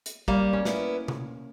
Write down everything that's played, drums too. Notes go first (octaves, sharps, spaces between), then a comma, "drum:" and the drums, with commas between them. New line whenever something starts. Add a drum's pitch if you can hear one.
drum: hi-hat
G3 A#3, drum: kick
C#4
B3 E4, drum: snare
drum: tom C3